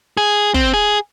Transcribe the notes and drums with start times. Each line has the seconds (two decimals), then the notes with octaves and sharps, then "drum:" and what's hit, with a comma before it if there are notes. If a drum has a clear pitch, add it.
0.17 G#4
0.54 C4, drum: kick
0.73 G#4